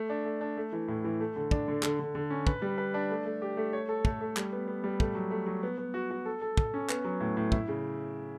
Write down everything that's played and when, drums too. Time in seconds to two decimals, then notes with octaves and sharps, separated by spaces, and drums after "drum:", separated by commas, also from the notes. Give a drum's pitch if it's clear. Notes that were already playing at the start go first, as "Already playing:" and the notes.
Already playing: A3
0.10 D4
0.25 A3
0.41 D4
0.57 A3
0.73 E3
0.88 A2
1.04 E3
1.20 A3
1.36 D3
1.51 D4, drum: kick
1.68 D3
1.83 D3, drum: clap
1.99 D3
2.15 D3
2.30 C#4
2.47 B4, drum: kick
2.62 G3
2.78 B4
2.94 D4
3.10 A3
3.25 A3
3.42 G4
3.57 A3
3.73 C#5
3.89 A4
4.05 A3, drum: kick
4.21 A3
4.37 G3, drum: clap
4.52 B3
4.68 B3
4.84 G3
5.00 A3, drum: kick
5.15 F#3
5.31 A3
5.46 F#3
5.63 B3
5.78 B3
5.94 F#4
6.10 F#4
6.25 A4
6.42 A4
6.57 A4, drum: kick
6.74 C#4
6.89 B3, drum: clap
7.05 F#3
7.20 A2
7.37 A2
7.52 E4, drum: kick
7.68 C#3